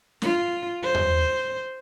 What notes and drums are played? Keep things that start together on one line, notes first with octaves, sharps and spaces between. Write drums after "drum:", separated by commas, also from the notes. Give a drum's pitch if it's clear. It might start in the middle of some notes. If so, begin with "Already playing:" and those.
F4, drum: snare
C5
drum: tom E2